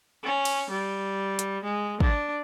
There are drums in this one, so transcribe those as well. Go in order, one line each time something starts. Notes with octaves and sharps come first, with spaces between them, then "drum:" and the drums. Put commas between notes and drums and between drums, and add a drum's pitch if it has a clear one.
C#4
drum: cymbal
G3
drum: hi-hat
G#3
D4, drum: kick